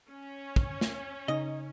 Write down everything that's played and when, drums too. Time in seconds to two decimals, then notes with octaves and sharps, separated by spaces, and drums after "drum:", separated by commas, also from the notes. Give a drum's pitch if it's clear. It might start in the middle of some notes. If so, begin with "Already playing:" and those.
0.10 C#4
0.56 drum: kick
0.81 drum: snare
1.28 C#3 D#4 D#5